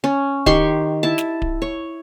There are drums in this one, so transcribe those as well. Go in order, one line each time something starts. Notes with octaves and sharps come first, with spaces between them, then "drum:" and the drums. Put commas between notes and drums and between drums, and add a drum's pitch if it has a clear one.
C#4
D#3 G4 C6 C#6, drum: kick D1
E4 A5
drum: snare
drum: kick D1
C#5